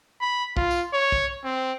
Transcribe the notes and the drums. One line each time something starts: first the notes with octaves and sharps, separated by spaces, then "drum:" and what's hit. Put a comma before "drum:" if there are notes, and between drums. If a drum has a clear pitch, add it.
B5
F4, drum: kick
drum: tambourine
C#5
drum: kick
C4